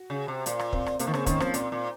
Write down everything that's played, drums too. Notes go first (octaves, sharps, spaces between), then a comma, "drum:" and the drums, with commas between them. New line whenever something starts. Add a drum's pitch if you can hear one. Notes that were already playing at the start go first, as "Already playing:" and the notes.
Already playing: F#4
C#3
C3
A#2 F4, drum: hi-hat
drum: rim click
C4, drum: kick
drum: rim click
C3 A#3, drum: hi-hat
D#3
C#3 C4, drum: rim click
D#3 C#4, drum: kick, hi-hat
F3 C4, drum: rim click
A#2, drum: hi-hat
A#2